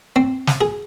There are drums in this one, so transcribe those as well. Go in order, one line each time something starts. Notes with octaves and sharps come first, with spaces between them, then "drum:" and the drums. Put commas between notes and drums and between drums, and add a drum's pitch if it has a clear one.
C4
drum: snare
G#4